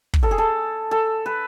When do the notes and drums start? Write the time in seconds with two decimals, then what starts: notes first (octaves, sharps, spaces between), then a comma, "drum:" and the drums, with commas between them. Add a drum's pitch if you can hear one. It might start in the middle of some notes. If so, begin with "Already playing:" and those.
0.14 drum: kick
0.23 A4
0.31 G#4
0.38 A4
0.91 A4
1.26 B4